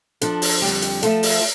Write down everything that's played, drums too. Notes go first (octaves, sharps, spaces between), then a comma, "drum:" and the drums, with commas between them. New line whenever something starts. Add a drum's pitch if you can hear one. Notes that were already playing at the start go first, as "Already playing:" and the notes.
F3 D4 A4, drum: hi-hat
drum: open hi-hat
F2 D3 G3 D4 G4
drum: hi-hat
F3 A3 F4 A4, drum: hi-hat
drum: open hi-hat